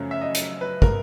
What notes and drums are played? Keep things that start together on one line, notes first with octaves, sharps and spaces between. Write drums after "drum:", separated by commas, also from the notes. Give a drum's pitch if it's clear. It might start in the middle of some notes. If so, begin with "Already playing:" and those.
Already playing: F#2 C#3 F3 A3 C#4
E5
D#5
drum: hi-hat
B4
A#4, drum: kick